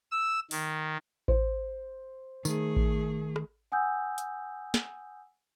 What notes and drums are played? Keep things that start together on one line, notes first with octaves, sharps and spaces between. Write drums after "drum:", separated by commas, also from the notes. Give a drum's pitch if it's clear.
E6
D#3, drum: open hi-hat
C5, drum: kick A1
D#3 A3 G#4, drum: tambourine
drum: kick A1
drum: rim click
F#5 G#5 D#6 E6 G6
drum: hi-hat
drum: snare